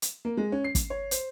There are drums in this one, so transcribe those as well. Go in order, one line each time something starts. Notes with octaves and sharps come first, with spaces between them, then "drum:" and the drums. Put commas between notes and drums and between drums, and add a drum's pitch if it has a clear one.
drum: hi-hat
A#3
G#3
C#4
C7
drum: kick, hi-hat
C#5
C5, drum: hi-hat